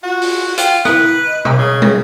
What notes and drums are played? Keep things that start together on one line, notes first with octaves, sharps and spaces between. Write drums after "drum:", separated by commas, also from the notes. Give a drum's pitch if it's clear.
F4 F#4
drum: open hi-hat
F4 G5, drum: hi-hat
E4 B4, drum: rim click
D#5
drum: tom B2
C#3 C#5
drum: tom